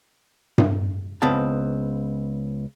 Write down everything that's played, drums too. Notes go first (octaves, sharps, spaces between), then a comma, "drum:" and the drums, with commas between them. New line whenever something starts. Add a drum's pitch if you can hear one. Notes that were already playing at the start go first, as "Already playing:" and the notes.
drum: tom G2
C#2 B3 C4 F5 A5